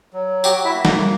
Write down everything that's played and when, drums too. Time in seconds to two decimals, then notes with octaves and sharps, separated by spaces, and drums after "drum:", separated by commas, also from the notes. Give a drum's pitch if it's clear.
0.13 F#3
0.44 F#4 G4 G5, drum: tambourine
0.65 E4 E5
0.75 A#3
0.85 F#4 F#5, drum: snare G3